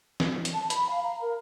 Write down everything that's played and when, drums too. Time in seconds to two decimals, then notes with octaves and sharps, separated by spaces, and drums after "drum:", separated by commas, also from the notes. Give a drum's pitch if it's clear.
0.20 drum: snare
0.45 drum: hi-hat
0.54 A5
0.70 B5, drum: hi-hat
0.89 F5
1.04 A#5
1.21 A#4